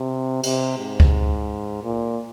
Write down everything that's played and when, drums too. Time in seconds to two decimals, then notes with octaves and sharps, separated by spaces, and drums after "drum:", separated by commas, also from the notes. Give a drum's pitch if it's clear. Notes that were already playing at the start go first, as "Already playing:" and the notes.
Already playing: C3
0.43 C3, drum: cymbal
0.78 G#2
1.00 drum: kick C#2
1.83 A#2